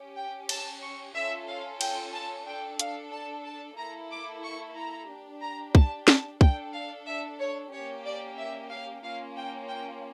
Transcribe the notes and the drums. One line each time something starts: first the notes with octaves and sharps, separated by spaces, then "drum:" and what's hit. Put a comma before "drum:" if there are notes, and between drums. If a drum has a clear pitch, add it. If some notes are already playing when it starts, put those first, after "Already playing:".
Already playing: C#4 G4
G5
A5, drum: cymbal
C#6
C#4 F4 A4 E5
F5
G5, drum: cymbal
A5
D4 A4 G5
F5, drum: hi-hat
A5
A5
A#3 E4 A4 A#5
D6
C#6
A#5
D4 G4
A#5
A5, drum: kick
A5, drum: snare
D4 A4 G5, drum: kick
F5
E5
C#5
A#3 C#4 G4 C#5
D5
E5
F5
A#3 C#4 F4 F5
G5
G5